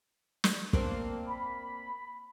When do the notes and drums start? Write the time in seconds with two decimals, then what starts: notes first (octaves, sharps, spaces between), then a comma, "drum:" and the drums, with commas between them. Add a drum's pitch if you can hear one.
0.44 drum: snare
0.73 A#3 C4 D4, drum: kick
1.28 B5